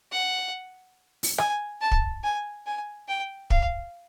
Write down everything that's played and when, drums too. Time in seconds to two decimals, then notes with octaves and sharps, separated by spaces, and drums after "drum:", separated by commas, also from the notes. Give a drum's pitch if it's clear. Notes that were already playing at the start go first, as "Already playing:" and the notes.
0.12 F#5
1.23 drum: open hi-hat
1.38 G#5, drum: rim click
1.81 A5
1.91 drum: kick
2.23 G#5
2.66 G#5
3.08 G5
3.50 F5, drum: kick